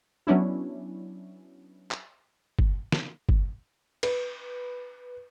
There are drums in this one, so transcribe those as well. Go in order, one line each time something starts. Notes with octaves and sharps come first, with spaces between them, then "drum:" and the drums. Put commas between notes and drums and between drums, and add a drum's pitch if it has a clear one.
F#3 B3 C#4 D4 E4
drum: clap
drum: kick
drum: snare
drum: kick
B4, drum: cymbal